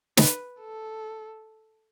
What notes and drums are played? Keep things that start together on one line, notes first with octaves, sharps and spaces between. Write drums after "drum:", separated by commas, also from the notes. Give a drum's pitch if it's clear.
B4, drum: snare
A4